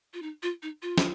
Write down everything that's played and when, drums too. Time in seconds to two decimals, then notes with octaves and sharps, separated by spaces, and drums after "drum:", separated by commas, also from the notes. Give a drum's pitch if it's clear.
0.13 F4
0.22 D#4
0.43 F4
0.63 D#4
0.82 F4
0.98 drum: snare